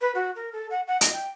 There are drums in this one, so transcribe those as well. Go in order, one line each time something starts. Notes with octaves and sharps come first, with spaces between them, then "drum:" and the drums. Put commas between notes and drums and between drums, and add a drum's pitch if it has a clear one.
B4
F#4
A#4
A4
F#5
F#5
D#5, drum: hi-hat
G5